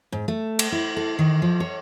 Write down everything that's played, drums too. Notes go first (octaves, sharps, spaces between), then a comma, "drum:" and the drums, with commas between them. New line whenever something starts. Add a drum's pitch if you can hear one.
G#2
A3
drum: cymbal
E4
A4
D#3
F3
C#5